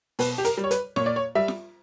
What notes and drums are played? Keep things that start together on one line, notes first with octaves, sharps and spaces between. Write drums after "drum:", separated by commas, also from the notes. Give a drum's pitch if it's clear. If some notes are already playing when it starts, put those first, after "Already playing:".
B2 B4, drum: open hi-hat
G4
A#4, drum: hi-hat
G3
C#5
B4, drum: hi-hat
A#2 C#5, drum: snare
D5
C#5
G3 E5
drum: snare